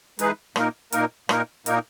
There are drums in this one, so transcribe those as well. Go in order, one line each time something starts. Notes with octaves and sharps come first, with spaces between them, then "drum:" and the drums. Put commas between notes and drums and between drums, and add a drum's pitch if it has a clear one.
E3 G#3 D#4 G#4 B4, drum: hi-hat
A#2 A#3 D#4 A#4, drum: rim click
A#2 A#3 D#4 A#4, drum: hi-hat
A#2 A#3 D#4 A#4, drum: rim click
A#2 A#3 D#4 A#4, drum: hi-hat